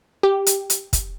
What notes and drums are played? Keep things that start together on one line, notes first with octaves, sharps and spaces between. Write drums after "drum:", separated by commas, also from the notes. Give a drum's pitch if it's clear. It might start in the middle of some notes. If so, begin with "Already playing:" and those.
G4
drum: hi-hat
drum: hi-hat
drum: kick, hi-hat